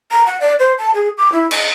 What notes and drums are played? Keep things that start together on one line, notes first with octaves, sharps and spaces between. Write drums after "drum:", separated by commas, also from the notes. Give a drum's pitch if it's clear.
A#5
F#5
D5
C5
A5
G#4
D6
E4
D#5, drum: cymbal